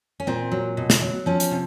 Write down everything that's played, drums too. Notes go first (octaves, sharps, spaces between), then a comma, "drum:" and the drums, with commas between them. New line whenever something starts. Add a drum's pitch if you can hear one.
C#4
A#2 C4
F#3
B2
drum: snare
F#3
F3 C#4
drum: hi-hat
C3